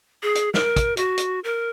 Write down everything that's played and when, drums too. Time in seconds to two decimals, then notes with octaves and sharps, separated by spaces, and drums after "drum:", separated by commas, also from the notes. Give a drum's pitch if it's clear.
0.23 G#4
0.35 drum: hi-hat
0.54 A#4, drum: snare
0.76 drum: kick, hi-hat
0.97 F#4, drum: hi-hat
1.18 drum: hi-hat
1.44 A#4